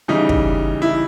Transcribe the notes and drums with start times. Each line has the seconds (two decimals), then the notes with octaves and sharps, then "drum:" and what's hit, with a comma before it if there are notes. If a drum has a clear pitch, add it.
0.08 C#3 E3 G3 D#4
0.29 drum: kick
0.82 E4